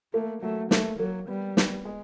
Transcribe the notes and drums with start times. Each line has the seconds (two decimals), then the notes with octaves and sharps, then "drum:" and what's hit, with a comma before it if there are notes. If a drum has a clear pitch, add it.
0.14 A3 A#3
0.42 F#3 A3
0.71 A3 A#3, drum: snare
1.00 F#3 A#3
1.28 G3 B3
1.57 B3, drum: snare
1.85 G#3